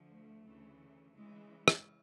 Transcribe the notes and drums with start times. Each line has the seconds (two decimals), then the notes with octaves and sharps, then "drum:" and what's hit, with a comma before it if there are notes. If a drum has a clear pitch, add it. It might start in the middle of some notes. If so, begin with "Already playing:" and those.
Already playing: D2 D3 F3
0.11 A3
0.46 D2 C#3 E3
1.16 C#3 E3 G#3
1.68 drum: rim click